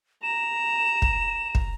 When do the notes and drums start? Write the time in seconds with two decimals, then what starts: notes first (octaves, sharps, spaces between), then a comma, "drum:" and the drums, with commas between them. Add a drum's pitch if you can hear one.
0.23 A#5 E7
1.02 drum: kick
1.55 drum: kick